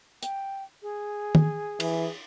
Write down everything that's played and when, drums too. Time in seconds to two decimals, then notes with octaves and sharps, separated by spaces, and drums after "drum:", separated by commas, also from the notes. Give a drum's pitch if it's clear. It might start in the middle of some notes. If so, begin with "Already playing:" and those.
0.23 G5, drum: hi-hat
0.82 G#4
1.35 drum: tom
1.80 E3, drum: cymbal